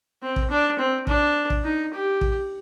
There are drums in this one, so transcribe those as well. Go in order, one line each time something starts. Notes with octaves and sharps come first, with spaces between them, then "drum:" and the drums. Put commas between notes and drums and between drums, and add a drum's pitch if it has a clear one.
C4
drum: kick
D4
C4
D4, drum: kick
drum: kick
D#4
G4
drum: kick